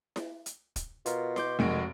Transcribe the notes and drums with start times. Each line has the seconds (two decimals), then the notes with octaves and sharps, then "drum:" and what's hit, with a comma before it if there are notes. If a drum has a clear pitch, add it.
0.16 drum: snare E4
0.46 drum: hi-hat
0.76 drum: kick, hi-hat
1.06 B2 F4 A#4, drum: hi-hat
1.36 C6 D6 G6, drum: snare E4
1.59 F1 F2 D#3 G#3 F#4 D7